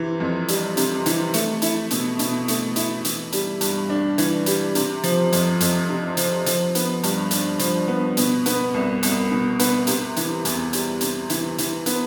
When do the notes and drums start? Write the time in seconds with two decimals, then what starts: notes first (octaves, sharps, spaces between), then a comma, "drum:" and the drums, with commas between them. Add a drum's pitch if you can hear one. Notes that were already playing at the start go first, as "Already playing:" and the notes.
Already playing: C3 E3
0.20 F2
0.48 G3, drum: hi-hat
0.77 C3, drum: hi-hat
1.06 E3, drum: hi-hat
1.34 A3, drum: hi-hat
1.62 E4, drum: hi-hat
1.91 B2, drum: hi-hat
2.19 B2, drum: hi-hat
2.48 A3, drum: hi-hat
2.76 E4, drum: hi-hat
3.05 E3, drum: hi-hat
3.32 G3, drum: hi-hat
3.61 G2, drum: hi-hat
3.90 D4
4.18 E3, drum: hi-hat
4.46 G3, drum: hi-hat
4.75 C3, drum: hi-hat
5.03 F3, drum: hi-hat
5.33 F2, drum: hi-hat
5.60 F2, drum: hi-hat
5.89 C3
6.17 F3, drum: hi-hat
6.46 F3, drum: hi-hat
6.75 B3, drum: hi-hat
7.03 G2, drum: hi-hat
7.31 D4, drum: hi-hat
7.59 F3, drum: hi-hat
7.88 B3
8.17 B2, drum: hi-hat
8.46 B3, drum: hi-hat
8.74 C2
9.03 C2, drum: hi-hat
9.31 B2
9.59 B3, drum: hi-hat
9.87 C3, drum: hi-hat
10.16 E3, drum: hi-hat
10.45 E2, drum: hi-hat
10.73 G3, drum: hi-hat
11.01 C3, drum: hi-hat
11.30 E3, drum: hi-hat
11.58 E3, drum: hi-hat
11.86 B3, drum: hi-hat